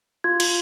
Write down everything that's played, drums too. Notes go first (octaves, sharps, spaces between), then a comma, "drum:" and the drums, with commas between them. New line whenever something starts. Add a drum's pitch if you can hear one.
F4 G#6
F4, drum: cymbal